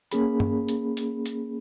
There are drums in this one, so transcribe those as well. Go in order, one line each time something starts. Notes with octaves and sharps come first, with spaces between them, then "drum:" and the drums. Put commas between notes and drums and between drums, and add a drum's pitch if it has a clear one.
A#3 C#4 G#4 B5, drum: hi-hat
drum: tom G2
drum: hi-hat
drum: hi-hat
drum: hi-hat